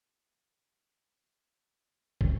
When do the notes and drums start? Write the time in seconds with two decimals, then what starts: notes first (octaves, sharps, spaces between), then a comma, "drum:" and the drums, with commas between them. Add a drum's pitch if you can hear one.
0.04 B3 C#4
2.21 drum: kick